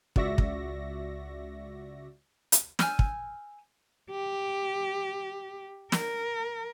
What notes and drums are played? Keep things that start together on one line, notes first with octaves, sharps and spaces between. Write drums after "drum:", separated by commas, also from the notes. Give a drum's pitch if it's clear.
C#2 F#4 D5 E5 C#6 A#6, drum: kick
drum: kick
drum: hi-hat
G#5 E6 F6 G6, drum: snare
drum: kick
G4
A#4, drum: snare